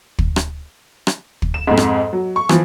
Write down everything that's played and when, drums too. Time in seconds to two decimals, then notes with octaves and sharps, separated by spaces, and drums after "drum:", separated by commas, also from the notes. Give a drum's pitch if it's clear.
0.19 drum: kick
0.36 drum: rim click
1.07 drum: rim click
1.42 drum: kick
1.54 E7
1.67 F2 G#2
1.77 drum: rim click
2.13 F#3
2.36 C#6
2.49 E3 F3, drum: rim click